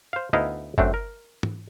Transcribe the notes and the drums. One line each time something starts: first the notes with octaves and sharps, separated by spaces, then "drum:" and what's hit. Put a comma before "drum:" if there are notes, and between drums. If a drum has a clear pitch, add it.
C5 F5
D2 B3 D#4 E4 D#5 F5
F#2 A3 C4 D4, drum: kick G1
A#4
drum: tom